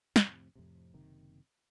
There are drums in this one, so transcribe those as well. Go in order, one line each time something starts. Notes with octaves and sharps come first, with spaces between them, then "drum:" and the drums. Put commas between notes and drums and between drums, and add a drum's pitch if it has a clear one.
F2 A2 C3, drum: snare
F2 A2 C3
F#1 C3 D#3